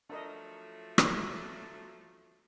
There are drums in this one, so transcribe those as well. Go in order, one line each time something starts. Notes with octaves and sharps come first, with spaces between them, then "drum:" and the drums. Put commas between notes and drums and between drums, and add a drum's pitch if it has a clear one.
F3 F#3 A3 D4 A#4 D#5
drum: rim click